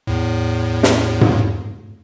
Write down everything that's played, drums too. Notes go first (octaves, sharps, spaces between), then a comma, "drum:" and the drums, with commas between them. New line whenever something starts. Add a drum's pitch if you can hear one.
E2 A2
drum: snare
drum: tom G#2